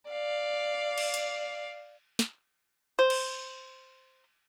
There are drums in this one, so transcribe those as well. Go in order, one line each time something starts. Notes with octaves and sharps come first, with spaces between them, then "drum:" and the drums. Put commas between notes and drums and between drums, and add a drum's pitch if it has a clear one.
D5 F5
drum: cymbal
drum: hi-hat
drum: snare
C5
drum: cymbal